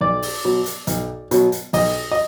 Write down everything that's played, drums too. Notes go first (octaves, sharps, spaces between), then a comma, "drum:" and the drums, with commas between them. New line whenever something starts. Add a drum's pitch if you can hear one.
B1 D5
drum: open hi-hat
B2 F#3
drum: hi-hat
B1, drum: hi-hat
B2 F#3, drum: hi-hat
drum: hi-hat
B1 D#5, drum: open hi-hat
D#5